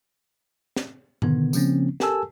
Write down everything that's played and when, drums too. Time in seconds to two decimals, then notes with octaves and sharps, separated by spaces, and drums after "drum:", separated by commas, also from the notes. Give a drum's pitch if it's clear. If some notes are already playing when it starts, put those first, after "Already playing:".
0.76 drum: snare
1.22 B2 D3 D#3 B3, drum: tom G#2
1.53 C#3 F3 A#3 C4 C#4, drum: tambourine
2.00 G4 A4 A#4 G#5 A5 E6, drum: snare